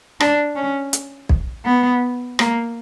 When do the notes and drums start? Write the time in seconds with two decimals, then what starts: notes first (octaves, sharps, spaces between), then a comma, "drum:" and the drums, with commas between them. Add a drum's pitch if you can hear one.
0.20 D4, drum: rim click
0.56 C#4
0.93 drum: hi-hat
1.29 drum: kick B1
1.65 B3
2.39 A#3, drum: rim click